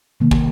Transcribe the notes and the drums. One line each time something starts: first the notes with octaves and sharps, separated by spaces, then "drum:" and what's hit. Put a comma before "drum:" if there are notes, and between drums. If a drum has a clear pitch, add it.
C3 D#3 A#3
drum: kick